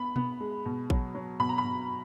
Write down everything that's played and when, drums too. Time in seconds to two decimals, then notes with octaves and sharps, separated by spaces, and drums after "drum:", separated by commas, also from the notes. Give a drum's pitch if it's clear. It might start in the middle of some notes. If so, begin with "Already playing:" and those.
Already playing: B3 B5
0.16 B3, drum: tom B2
0.40 G#3
0.65 B2
0.90 F#3, drum: kick A1
1.15 F#3
1.40 B2 B5
1.49 A#5
1.58 B5
1.64 B2